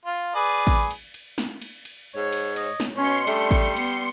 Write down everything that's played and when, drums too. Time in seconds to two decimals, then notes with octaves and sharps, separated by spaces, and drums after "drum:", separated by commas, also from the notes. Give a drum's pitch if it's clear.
0.05 F4
0.35 G#4 B4 D5
0.67 drum: kick, cymbal
0.91 drum: cymbal
1.14 drum: cymbal
1.38 drum: snare
1.62 drum: cymbal
1.85 drum: cymbal
2.16 G#2 C#5
2.32 drum: cymbal
2.56 D#5, drum: cymbal
2.80 drum: snare
2.97 B2 C#4 C#5 C6 C#7
3.27 G3 A3 D4, drum: cymbal
3.51 drum: kick, cymbal
3.76 B3, drum: cymbal